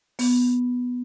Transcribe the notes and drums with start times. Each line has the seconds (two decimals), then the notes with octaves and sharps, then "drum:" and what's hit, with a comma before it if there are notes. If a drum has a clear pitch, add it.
0.19 B3, drum: open hi-hat